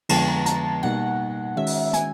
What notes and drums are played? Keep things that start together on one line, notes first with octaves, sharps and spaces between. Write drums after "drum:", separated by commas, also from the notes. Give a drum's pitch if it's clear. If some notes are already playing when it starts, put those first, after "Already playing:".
F2 D3 F3 G#3 B3 A5, drum: cymbal
A#5
A5, drum: hi-hat
B2 G3 A#3 D#4 F#5
D#3 G#3 C#4 F#4 E5
drum: open hi-hat
G#5, drum: hi-hat